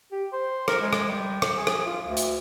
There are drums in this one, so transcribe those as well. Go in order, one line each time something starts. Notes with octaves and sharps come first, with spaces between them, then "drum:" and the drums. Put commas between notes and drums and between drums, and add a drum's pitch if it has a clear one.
G4
C5
A#4, drum: rim click
G#3
drum: rim click
G3
drum: rim click
G#4
drum: rim click
F4
D2
drum: hi-hat